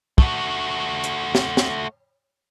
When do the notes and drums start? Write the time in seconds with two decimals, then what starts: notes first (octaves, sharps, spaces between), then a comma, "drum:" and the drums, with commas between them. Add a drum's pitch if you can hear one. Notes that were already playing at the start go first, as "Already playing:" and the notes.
0.18 A3 F#4, drum: kick
1.04 drum: hi-hat
1.35 drum: snare
1.57 drum: snare